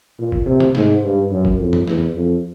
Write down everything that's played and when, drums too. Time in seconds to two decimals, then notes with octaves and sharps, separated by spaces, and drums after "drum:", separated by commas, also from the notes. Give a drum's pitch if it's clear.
0.19 A#2
0.32 drum: kick G1
0.46 C3
0.60 drum: tom C3
0.75 G#2, drum: snare
1.02 G2
1.31 F#2
1.45 drum: kick G1
1.59 F2
1.73 drum: tom F2
1.87 E2, drum: snare
2.15 F2